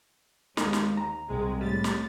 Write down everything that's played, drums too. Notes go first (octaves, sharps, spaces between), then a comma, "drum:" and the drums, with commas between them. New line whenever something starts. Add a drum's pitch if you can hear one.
D#2 G#3 D#4 A#4, drum: snare
drum: snare
A#5
C2 C3 G#3
A2 G3 A6
drum: snare